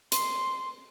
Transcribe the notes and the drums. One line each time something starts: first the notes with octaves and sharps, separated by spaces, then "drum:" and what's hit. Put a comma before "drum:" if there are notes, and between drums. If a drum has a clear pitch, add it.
C6, drum: hi-hat